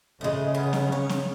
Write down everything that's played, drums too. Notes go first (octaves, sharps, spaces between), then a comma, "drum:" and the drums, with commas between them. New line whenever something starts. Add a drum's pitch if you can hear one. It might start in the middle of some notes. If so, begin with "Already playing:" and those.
C#3 G#3 A3
B3
drum: snare
C#5
drum: snare